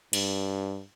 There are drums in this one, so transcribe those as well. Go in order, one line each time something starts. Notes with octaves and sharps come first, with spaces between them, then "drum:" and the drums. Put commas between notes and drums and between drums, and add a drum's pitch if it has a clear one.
G2, drum: cymbal